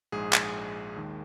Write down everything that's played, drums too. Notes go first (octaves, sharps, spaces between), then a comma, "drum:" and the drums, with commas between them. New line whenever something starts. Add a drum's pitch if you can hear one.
A#1 G#2 G#3 G#4
drum: clap
D#2 D#3 G#3